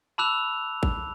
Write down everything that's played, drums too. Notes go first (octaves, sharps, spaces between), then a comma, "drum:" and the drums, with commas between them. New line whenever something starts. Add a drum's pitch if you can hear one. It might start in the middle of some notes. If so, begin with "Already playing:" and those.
A5 B5 D6 E6 F#6 F7
drum: kick A1